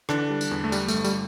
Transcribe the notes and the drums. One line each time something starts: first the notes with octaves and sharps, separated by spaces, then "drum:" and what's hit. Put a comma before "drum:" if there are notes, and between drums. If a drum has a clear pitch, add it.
D3 E3 D4, drum: rim click
G3
drum: tambourine
E2
A3
G3, drum: tambourine
A3, drum: tambourine
G1
G3, drum: tambourine